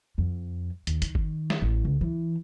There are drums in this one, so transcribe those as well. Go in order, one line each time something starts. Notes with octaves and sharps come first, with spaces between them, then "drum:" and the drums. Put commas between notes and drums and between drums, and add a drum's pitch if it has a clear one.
F2
D#2, drum: hi-hat
D#3, drum: hi-hat
drum: kick G1
drum: snare
A1
C#2
E3